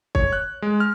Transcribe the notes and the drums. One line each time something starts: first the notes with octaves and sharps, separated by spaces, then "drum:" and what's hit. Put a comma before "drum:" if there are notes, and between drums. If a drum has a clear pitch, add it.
C#5, drum: kick C2
F#6
G#3
F6